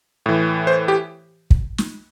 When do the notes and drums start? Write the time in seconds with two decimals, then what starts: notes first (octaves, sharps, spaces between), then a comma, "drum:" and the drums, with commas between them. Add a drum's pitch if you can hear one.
0.26 A2 E3
0.67 C5
0.88 G4
1.51 drum: kick
1.78 drum: snare